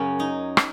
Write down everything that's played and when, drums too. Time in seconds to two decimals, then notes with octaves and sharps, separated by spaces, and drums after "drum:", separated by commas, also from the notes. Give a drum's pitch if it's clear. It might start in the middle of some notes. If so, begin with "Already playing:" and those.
Already playing: F#2 C#3 C#4
0.20 D#4
0.57 drum: rim click